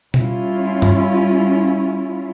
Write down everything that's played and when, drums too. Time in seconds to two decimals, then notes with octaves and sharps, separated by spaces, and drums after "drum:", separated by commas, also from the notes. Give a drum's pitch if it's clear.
0.14 G3 C#4 E4 F4, drum: tom B2
0.82 drum: tom G2